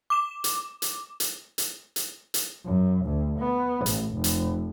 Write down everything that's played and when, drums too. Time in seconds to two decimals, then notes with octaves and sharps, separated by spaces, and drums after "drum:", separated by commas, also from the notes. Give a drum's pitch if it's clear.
0.10 D6 E7
0.44 drum: hi-hat
0.82 drum: hi-hat
1.20 drum: hi-hat
1.58 drum: hi-hat
1.96 drum: hi-hat
2.34 drum: hi-hat
2.65 F#2
3.05 D2
3.39 B3
3.86 A1, drum: hi-hat
4.14 F1
4.24 drum: hi-hat